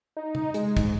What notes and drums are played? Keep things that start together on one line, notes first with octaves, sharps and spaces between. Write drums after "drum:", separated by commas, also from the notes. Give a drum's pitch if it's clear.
D#4
drum: tom C3
G#3, drum: hi-hat
G#2, drum: kick, hi-hat